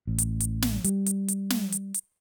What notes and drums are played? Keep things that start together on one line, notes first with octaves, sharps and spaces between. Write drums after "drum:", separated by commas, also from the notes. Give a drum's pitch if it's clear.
A1
drum: hi-hat
drum: hi-hat
drum: snare
G3, drum: hi-hat
drum: hi-hat
drum: hi-hat
drum: snare
drum: hi-hat
drum: hi-hat